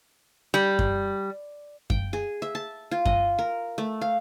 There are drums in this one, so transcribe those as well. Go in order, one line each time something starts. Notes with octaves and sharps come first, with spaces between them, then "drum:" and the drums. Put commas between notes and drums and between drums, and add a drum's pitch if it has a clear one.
G3
drum: kick F#2
G5, drum: kick F#2
G#4
E5
A5
F4
D#5, drum: kick F#2
A#4
A3
F5